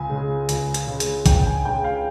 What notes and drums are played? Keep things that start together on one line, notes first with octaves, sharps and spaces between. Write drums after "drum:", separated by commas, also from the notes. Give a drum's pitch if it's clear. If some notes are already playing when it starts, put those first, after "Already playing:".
Already playing: C#2 G#5
C#3 G#3
C#2, drum: hi-hat
drum: hi-hat
C#3 G#3
drum: hi-hat
C#2 G5, drum: kick A#1, hi-hat
G#5
C#3 G#3 G5
F5